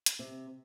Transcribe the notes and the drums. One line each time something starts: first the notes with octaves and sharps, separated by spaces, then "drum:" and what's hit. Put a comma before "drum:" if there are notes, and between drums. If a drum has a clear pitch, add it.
drum: hi-hat
C3